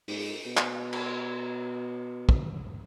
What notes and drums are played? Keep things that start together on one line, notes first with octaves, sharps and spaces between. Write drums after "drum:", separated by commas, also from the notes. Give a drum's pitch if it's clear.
G#2, drum: open hi-hat
B2
drum: clap
drum: cymbal
drum: kick